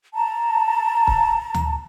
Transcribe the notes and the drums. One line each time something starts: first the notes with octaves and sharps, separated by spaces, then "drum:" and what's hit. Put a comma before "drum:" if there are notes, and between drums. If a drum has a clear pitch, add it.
A5 A#5
drum: kick C#1
drum: tom D2